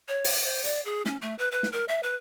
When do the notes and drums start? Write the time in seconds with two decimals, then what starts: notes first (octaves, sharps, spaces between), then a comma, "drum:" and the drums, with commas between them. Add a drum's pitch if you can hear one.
0.08 C#5
0.24 drum: open hi-hat
0.44 C5
0.64 D5, drum: hi-hat
0.85 G#4
1.06 C#4, drum: snare
1.22 A3
1.39 B4
1.51 B4
1.63 drum: snare
1.72 A#4
1.88 E5
2.03 B4